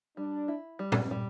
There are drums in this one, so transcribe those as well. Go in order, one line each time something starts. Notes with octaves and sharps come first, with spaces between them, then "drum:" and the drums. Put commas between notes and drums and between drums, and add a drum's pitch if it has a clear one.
G3 D4
E4
G3
drum: tom
G3